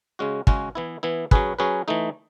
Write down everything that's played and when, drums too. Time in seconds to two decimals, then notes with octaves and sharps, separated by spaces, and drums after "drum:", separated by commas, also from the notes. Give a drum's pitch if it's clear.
0.19 C#3 G#3 C#4 F#4
0.47 C#3 G#3 C#4 F#4, drum: kick
0.75 E3 B3 E4
1.03 E3 B3 E4
1.31 F#3 C#4 G#4 B4, drum: kick
1.59 F#3 C#4 G#4 B4
1.88 E3 A3 D#4